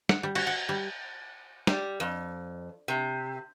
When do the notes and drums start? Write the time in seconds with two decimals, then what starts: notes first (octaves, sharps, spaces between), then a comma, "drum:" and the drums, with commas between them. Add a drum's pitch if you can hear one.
0.09 F#5, drum: snare
0.23 G3
0.35 F#4, drum: cymbal
0.47 F#5
0.69 G3
1.67 G3, drum: snare
2.00 F2
2.88 C3